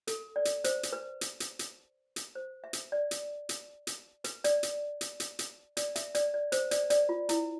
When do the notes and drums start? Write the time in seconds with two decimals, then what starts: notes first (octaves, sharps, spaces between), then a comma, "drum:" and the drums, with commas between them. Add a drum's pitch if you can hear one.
0.07 A4, drum: hi-hat
0.36 D5
0.45 drum: hi-hat
0.64 C5, drum: hi-hat
0.83 drum: hi-hat
0.93 B4
1.21 drum: hi-hat
1.40 drum: hi-hat
1.59 drum: hi-hat
2.16 drum: hi-hat
2.35 C5
2.64 E5
2.73 drum: hi-hat
2.92 D5
3.11 drum: hi-hat
3.49 drum: hi-hat
3.87 drum: hi-hat
4.24 B4, drum: hi-hat
4.44 D5, drum: hi-hat
4.63 drum: hi-hat
5.01 drum: hi-hat
5.20 drum: hi-hat
5.39 drum: hi-hat
5.77 D5, drum: hi-hat
5.96 E5, drum: hi-hat
6.15 D5, drum: hi-hat
6.34 D5
6.52 C5, drum: hi-hat
6.71 D5, drum: hi-hat
6.90 D5, drum: hi-hat
7.09 F4
7.29 E4, drum: hi-hat